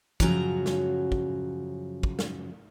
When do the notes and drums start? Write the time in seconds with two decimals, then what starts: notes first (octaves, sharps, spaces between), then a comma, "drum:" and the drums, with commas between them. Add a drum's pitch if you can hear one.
0.20 F#2 C#3 F3 F#3 F#4 A#5, drum: kick
0.66 drum: snare
1.12 drum: kick
2.03 drum: kick
2.19 drum: snare